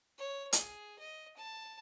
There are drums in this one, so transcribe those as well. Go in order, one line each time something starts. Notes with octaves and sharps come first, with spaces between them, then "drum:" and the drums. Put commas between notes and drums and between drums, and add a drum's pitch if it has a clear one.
C#5
G#4, drum: hi-hat
D#5
A5